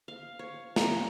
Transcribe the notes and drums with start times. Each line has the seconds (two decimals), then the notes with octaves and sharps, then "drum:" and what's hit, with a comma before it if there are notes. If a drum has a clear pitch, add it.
0.08 F5
0.39 C#5
0.76 A#5, drum: snare